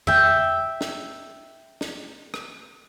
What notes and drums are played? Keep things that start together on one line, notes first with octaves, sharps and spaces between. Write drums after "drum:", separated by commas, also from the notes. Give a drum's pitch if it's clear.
E5 G5, drum: tom F2
drum: snare
drum: snare
drum: rim click